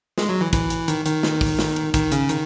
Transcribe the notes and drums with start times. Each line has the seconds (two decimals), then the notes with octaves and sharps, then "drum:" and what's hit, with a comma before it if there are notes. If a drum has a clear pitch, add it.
0.18 G#3, drum: snare
0.29 F#3
0.41 E3
0.53 E3, drum: kick, hi-hat
0.70 drum: hi-hat
0.88 D#3, drum: hi-hat
1.06 D#3, drum: hi-hat
1.23 drum: snare
1.41 drum: kick, open hi-hat
1.59 drum: snare
1.76 drum: hi-hat
1.94 D#3, drum: kick, hi-hat
2.12 C#3, drum: hi-hat
2.29 D#3, drum: hi-hat